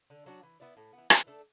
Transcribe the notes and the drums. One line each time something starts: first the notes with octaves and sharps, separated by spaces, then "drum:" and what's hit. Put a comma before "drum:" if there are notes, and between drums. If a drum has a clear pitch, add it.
D3
F#3 D4 F#4
E3
B3 E4 D5
A2
E3 B3
E3, drum: rim click
A3 D4 A4